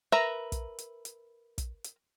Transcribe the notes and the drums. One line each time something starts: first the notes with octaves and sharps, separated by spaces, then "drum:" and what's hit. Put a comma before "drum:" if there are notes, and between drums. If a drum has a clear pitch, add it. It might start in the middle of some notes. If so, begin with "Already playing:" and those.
A#4 B4 E5 A#5
drum: kick, hi-hat
drum: hi-hat
drum: hi-hat
drum: kick, hi-hat
drum: hi-hat